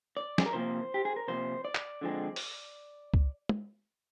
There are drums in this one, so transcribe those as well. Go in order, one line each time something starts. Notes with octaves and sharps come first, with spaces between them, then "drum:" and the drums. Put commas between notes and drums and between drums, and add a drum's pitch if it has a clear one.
D5
G#4, drum: snare
A#4
C3 F3 A#3 C5
G4
G#4
A#4
C3 F3 A#3 C5
D5
drum: clap
D3 F3 G#3 C4
drum: open hi-hat
drum: kick C#2
drum: tom